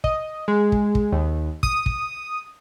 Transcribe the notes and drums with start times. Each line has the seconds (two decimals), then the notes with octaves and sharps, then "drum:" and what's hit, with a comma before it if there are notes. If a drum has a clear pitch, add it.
0.04 D#5, drum: kick
0.48 G#3
0.72 drum: kick
0.95 drum: kick
1.12 D#2
1.63 D#6, drum: kick
1.86 drum: kick